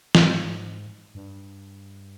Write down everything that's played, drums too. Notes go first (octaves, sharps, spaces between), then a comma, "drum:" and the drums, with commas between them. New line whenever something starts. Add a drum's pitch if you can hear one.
A2, drum: snare
G#2
G2